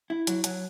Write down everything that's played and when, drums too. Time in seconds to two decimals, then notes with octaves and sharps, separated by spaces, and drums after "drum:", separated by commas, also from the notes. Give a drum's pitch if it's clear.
0.10 E4
0.27 F#3, drum: hi-hat
0.44 F#3, drum: hi-hat